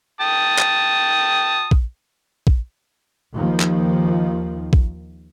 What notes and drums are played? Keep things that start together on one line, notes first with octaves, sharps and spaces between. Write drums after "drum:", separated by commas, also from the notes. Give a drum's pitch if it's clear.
G5 A5 D#6
drum: clap
drum: kick A#1
drum: kick A#1
D#2 D#3 F3
drum: clap
drum: kick A#1